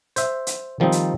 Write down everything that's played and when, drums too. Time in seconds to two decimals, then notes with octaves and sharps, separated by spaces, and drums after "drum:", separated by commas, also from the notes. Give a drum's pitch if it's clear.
0.16 C5 E5, drum: hi-hat
0.47 drum: hi-hat
0.80 D#3 F3 G3 C4 D#4
0.92 drum: hi-hat